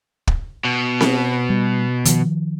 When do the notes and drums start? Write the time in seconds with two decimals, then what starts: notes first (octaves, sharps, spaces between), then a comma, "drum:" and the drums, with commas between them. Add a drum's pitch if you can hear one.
0.27 drum: kick
0.65 B2
1.01 drum: snare C4
1.50 G3
2.05 D#3 F3, drum: hi-hat